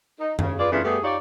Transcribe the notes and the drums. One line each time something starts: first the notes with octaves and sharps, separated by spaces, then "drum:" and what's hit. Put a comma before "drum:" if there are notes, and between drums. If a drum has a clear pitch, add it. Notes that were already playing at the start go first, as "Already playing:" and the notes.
D#4
C#3, drum: tom F#2
F4 G#4 B4 D5
C#3 E3 A3 B3 D4 F4
G3 A3 B3 G4 G#4
D#4 F4 G4 C#5 D5